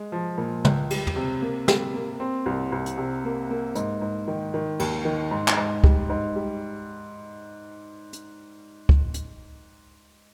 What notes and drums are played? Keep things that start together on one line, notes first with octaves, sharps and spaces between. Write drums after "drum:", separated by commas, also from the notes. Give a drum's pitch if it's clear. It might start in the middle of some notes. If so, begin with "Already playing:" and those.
Already playing: G#3
F3
A#2
C#2, drum: tom
G3, drum: cymbal
drum: tom
C3
A#3
G3, drum: snare
A#3
C4
C2
C2
drum: hi-hat
C3
A#3
A#3
G#2, drum: hi-hat
G#2
D#3
D#3
D#2, drum: cymbal
D#3
G#2
drum: clap
G#2
G3, drum: kick
G#2
G3
drum: hi-hat
drum: kick
drum: hi-hat